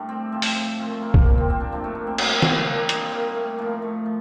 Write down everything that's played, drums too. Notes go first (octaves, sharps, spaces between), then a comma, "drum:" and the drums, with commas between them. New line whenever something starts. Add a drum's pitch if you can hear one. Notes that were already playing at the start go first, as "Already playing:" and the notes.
Already playing: A2 G3 A3 D4
C4
A2 F3 C4
drum: open hi-hat
C4
A#2 F3 C4
A3
A#3
A#3, drum: kick B1
A#2 G3 A#3
C4
C4
D4
A2 F3 D4
A3
A#3
C4
A#2 G3 A#3, drum: cymbal
A3, drum: snare
A#2 G3 A#3
D4
D#4, drum: hi-hat
C4
A#2 G3 A#3
A3
A2 F3 A#3
A3
F3